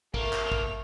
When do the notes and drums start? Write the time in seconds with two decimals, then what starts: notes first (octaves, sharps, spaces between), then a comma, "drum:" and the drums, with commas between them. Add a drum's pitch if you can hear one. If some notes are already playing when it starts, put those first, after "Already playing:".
0.14 A3 A#3 F7, drum: kick
0.33 drum: clap
0.52 drum: kick